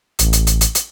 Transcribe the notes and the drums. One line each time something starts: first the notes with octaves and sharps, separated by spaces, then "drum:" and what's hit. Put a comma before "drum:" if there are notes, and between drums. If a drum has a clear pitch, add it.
A1, drum: hi-hat
drum: hi-hat
drum: hi-hat
drum: hi-hat
drum: hi-hat